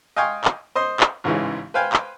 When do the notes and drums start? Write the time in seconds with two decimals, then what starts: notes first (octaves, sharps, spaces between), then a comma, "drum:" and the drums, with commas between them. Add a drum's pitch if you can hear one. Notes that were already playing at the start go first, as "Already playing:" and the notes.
0.17 D#5 F5 G5 G#5 C6 C#6
0.44 drum: clap
0.75 C5 D#5 C6
1.00 drum: clap
1.24 A1 G#2 C#3 E3 G#3
1.74 B4 C5 F5 G5 G#5
1.93 drum: clap